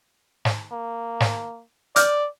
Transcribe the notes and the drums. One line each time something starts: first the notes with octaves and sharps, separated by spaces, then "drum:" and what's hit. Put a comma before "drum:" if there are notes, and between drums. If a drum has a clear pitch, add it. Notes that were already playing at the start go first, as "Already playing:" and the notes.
drum: snare
A#3
drum: snare
D5 D6 F6 G6, drum: hi-hat